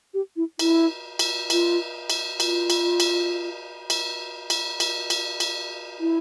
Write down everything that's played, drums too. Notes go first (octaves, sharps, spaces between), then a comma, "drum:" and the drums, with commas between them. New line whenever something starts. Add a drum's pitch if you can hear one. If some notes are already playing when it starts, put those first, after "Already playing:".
G4
E4
E4, drum: cymbal
drum: cymbal
F4, drum: cymbal
drum: cymbal
F4, drum: cymbal
drum: cymbal
drum: cymbal
drum: cymbal
drum: cymbal
drum: cymbal
drum: cymbal
drum: cymbal
E4